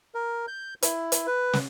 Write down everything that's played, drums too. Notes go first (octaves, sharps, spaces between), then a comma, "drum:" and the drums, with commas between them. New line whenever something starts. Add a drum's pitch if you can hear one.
A#4
G6
E4, drum: hi-hat
drum: hi-hat
B4
drum: snare